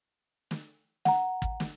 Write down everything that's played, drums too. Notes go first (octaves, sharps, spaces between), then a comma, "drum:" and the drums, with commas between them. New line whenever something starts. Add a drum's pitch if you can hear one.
drum: snare
F#5 A#5, drum: snare
drum: kick
drum: snare